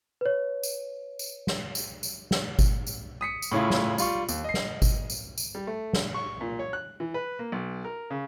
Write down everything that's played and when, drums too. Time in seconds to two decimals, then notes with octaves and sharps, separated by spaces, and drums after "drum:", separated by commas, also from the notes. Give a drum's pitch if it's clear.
0.21 B4 C#5
0.63 drum: tambourine
1.19 drum: tambourine
1.47 drum: snare
1.75 drum: tambourine
2.03 drum: tambourine
2.31 drum: snare
2.59 drum: kick G1, tambourine
2.87 drum: tambourine
3.21 D#6 B6 C#7
3.42 drum: tambourine
3.52 A2 C#3 C#4 E4 F4
3.70 drum: snare
3.98 G3 F4 C#6, drum: tambourine
4.28 D#2, drum: tambourine
4.44 D#5 C7
4.54 drum: snare
4.82 drum: kick G1, tambourine
5.10 drum: tambourine
5.38 drum: tambourine
5.55 G3
5.67 A3
5.93 drum: snare
6.14 C#6
6.41 A#2
6.59 C#5
6.73 F#6
7.00 E3
7.14 B4
7.39 A#3
7.52 B1
7.85 A#4
8.11 C#3